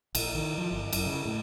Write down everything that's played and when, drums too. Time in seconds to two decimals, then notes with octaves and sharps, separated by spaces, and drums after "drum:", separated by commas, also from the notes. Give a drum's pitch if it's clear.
0.15 A#1, drum: cymbal
0.35 D#3
0.58 F3
0.72 G1
0.93 F#2, drum: cymbal
1.06 C#3
1.26 A2